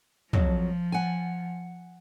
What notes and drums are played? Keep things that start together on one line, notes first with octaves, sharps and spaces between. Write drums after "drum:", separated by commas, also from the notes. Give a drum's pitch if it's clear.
F2 F3 F#3, drum: tom
F#5 G#5